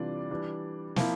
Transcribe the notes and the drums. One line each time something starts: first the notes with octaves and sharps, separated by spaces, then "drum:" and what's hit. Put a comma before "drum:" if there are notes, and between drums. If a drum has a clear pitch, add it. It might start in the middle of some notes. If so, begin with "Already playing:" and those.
Already playing: C3 E3 G3 D4 F4 D5
E3 G3 D4
F3 A#3 E4, drum: snare